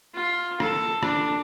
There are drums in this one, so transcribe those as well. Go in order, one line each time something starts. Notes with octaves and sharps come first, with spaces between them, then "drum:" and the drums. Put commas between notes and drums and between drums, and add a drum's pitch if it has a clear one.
F4
A4, drum: rim click
D4, drum: rim click